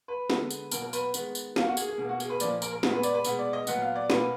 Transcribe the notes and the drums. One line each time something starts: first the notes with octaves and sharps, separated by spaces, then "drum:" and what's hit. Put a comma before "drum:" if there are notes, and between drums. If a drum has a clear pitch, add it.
B4
D3 G#3 B3, drum: snare
drum: tambourine
B2 F#3 A#3 A#4, drum: tambourine
A#4
B4, drum: tambourine
D#3 G#3 B3, drum: tambourine
drum: tambourine
D#3 A#3 F5, drum: snare
F#4
G#4, drum: tambourine
G#4
B2 A#3
F#4
G#4, drum: tambourine
B4
A#2 F3 A#3 D5, drum: tambourine
A#4, drum: tambourine
A#4
A#2 G#3 B3 G#4, drum: snare
B4
D5, drum: tambourine
B4
B2 G#3 B3, drum: tambourine
D5
D#5
A#2 F#3 B3 F#5, drum: tambourine
F5
D5
B2 A#3 B4, drum: snare